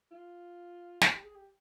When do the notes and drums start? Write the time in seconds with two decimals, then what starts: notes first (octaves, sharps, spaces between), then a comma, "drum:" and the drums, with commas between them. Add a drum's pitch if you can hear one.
0.11 F4
1.01 F4, drum: snare
1.12 G4
1.24 G#4
1.35 G4